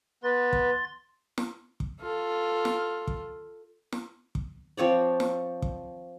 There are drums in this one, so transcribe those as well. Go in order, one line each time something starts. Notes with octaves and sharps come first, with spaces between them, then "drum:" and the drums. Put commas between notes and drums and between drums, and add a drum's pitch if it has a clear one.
B3 B4 C6 A6
drum: kick
drum: snare
drum: kick
F4 A4
drum: snare
drum: kick
drum: snare
drum: kick
F3 C4 C#5 D5
drum: snare
drum: kick